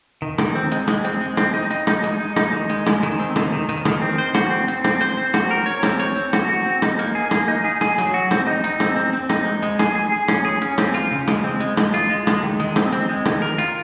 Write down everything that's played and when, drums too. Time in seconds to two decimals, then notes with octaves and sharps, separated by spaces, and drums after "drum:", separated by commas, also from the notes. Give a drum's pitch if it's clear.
0.22 D#3
0.38 D#3, drum: rim click
0.55 C4
0.71 G#3, drum: hi-hat
0.88 G#3, drum: rim click
1.04 C4, drum: hi-hat
1.21 G#3
1.37 C4, drum: rim click
1.54 D#4
1.70 D#4, drum: hi-hat
1.87 D#4, drum: rim click
2.03 G#3, drum: hi-hat
2.20 D#4
2.36 D#4, drum: rim click
2.53 D#3
2.69 G#3, drum: hi-hat
2.86 G#3, drum: rim click
3.03 D#3, drum: hi-hat
3.19 C4
3.36 D#3, drum: rim click
3.52 D#3
3.69 D#3, drum: hi-hat
3.85 D#3, drum: rim click
4.02 C4
4.18 C5
4.34 F#4, drum: rim click
4.51 C4
4.68 C4, drum: hi-hat
4.84 C4, drum: rim click
5.01 C5, drum: hi-hat
5.17 C4
5.34 F#4, drum: rim click
5.51 A#4
5.66 C#5
5.83 C4, drum: rim click
6.00 C#5, drum: hi-hat
6.16 C4
6.33 F#4, drum: rim click
6.49 F#4
6.65 C4
6.82 D#4, drum: rim click
6.99 A#3, drum: hi-hat
7.15 G#4
7.31 A#3, drum: rim click
7.48 D#4
7.64 G#4
7.81 G#4, drum: rim click
7.98 F#3, drum: hi-hat
8.14 F#4
8.31 C4, drum: rim click
8.47 D#4
8.64 D#4, drum: hi-hat
8.80 C4, drum: rim click
8.96 C4
9.13 C4
9.29 D#4, drum: rim click
9.46 G#3
9.62 G#3, drum: hi-hat
9.79 G#4, drum: rim click
9.95 G#4
10.12 G#4
10.28 C#4, drum: rim click
10.45 G#4
10.62 C#4, drum: hi-hat
10.78 C4, drum: rim click
10.94 F4, drum: hi-hat
11.11 C#3
11.28 G#3, drum: rim click
11.44 C4
11.60 G#3, drum: hi-hat
11.77 G#3, drum: rim click
11.94 F4, drum: hi-hat
12.10 G#3
12.27 G#3, drum: rim click
12.43 D#3
12.60 G#3, drum: hi-hat
12.76 C4, drum: rim click
12.92 C4, drum: hi-hat
13.09 G#3
13.25 D#3, drum: rim click
13.42 A#4
13.58 F4, drum: hi-hat